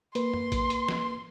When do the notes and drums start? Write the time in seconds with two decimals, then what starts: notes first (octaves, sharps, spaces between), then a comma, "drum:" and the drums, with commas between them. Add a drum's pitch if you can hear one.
0.15 A#3 B4 C6, drum: hi-hat
0.34 drum: tom
0.52 drum: kick A1, hi-hat
0.70 drum: hi-hat
0.89 drum: snare